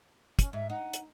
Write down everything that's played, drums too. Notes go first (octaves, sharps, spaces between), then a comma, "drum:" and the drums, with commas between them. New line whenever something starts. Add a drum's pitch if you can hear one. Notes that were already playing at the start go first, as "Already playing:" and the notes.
C#4, drum: kick, hi-hat
G#2 E5
D#4 F#5
drum: hi-hat